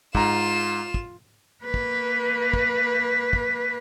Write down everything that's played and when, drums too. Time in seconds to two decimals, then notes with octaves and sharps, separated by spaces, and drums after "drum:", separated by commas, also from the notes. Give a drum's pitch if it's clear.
0.15 G#2 F4 A#5 E7, drum: kick
0.94 drum: kick
1.65 A#3 B4
1.74 drum: kick
2.54 drum: kick
3.33 drum: kick